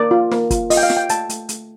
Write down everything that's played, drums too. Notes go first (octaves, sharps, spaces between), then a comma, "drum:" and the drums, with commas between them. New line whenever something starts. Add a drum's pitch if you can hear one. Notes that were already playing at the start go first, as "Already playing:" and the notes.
Already playing: A#3 D5
F4
A#3, drum: snare
F4, drum: kick, hi-hat
F4 D#5, drum: open hi-hat
G5
F5
F4, drum: snare
G5
A3 A5, drum: hi-hat
A3, drum: hi-hat
A3, drum: hi-hat